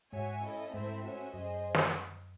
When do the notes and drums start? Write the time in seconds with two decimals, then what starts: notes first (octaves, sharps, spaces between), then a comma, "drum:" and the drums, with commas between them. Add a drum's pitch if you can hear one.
0.13 G#2 G#3 F#4 C#5 E5 G#5
0.43 C#4 E4 A4 D#5
0.73 G#2 G#3 A3 C4 E4 C5 E5
1.04 C#4 F#4 C5 E5
1.34 F#2 F#3 G#4 C5 D#5
1.74 drum: snare